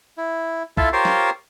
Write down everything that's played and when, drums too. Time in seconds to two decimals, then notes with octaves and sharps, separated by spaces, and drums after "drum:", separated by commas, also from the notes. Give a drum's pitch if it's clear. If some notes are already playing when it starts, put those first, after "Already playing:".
0.17 E4
0.77 E4 F4 A4 E5 F5, drum: kick
0.93 F4 G4 A#4 C5 C#5 F5
1.05 drum: snare